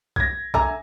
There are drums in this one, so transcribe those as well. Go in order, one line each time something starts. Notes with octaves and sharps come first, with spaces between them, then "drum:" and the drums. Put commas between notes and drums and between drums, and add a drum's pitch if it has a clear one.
G#6 A#6, drum: kick
D3 E5 G#5 A#5, drum: kick